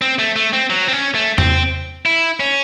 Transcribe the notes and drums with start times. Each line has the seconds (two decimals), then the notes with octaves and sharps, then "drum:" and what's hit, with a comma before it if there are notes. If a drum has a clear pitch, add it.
0.02 C4
0.19 A3
0.36 A3
0.53 C4
0.70 F#3
0.88 C4
0.93 C#4
1.15 A3
1.38 C4, drum: tom E2
2.06 E4
2.40 C#4